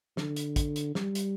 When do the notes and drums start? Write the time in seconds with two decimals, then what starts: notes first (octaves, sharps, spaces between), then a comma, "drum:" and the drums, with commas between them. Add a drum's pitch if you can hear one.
0.17 D3, drum: snare
0.36 drum: hi-hat
0.56 drum: kick, hi-hat
0.76 drum: hi-hat
0.95 G3, drum: snare
1.15 drum: hi-hat